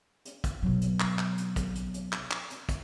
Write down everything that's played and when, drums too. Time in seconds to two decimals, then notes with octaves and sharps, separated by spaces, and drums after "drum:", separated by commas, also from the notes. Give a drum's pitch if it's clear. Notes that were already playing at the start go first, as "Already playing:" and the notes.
0.25 drum: hi-hat
0.44 drum: kick, hi-hat
0.63 B2 F#3
0.81 drum: hi-hat
1.00 drum: clap
1.19 drum: clap
1.38 drum: hi-hat
1.56 drum: kick, hi-hat
1.75 drum: hi-hat
1.94 drum: hi-hat
2.12 drum: clap
2.31 drum: clap
2.50 drum: hi-hat
2.69 drum: kick, hi-hat